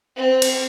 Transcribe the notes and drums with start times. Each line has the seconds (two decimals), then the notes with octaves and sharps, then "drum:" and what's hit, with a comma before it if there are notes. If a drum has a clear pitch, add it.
0.16 C4
0.42 drum: cymbal